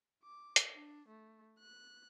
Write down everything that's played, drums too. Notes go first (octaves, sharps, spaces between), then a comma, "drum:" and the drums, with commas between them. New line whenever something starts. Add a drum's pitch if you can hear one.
D6
drum: hi-hat
D4
A3
F#6